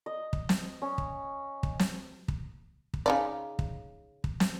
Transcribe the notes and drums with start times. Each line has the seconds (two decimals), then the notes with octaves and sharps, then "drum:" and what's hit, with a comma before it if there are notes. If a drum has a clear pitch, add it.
0.06 D#5
0.33 drum: kick
0.49 drum: snare
0.82 C#4
0.98 drum: kick
1.63 drum: kick
1.79 drum: snare
2.28 drum: kick
2.94 drum: kick
3.06 C#3 D#4 D5
3.59 drum: kick
4.24 drum: kick
4.40 drum: snare